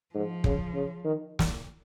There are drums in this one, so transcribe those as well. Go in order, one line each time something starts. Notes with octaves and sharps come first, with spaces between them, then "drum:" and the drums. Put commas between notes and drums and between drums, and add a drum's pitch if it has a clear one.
G#2 F3
C#3, drum: kick
C#3
D#3
drum: snare